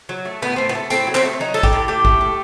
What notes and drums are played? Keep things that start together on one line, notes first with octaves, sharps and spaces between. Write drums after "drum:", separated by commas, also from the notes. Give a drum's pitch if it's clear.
F#3
A3
A2 B3
A2 C4
B3
A3
A2 C4, drum: hi-hat
F#3
C4, drum: clap
A3
F#3 D#4
A2 A4
G4, drum: kick
A2
A2 G4
A3, drum: kick
A3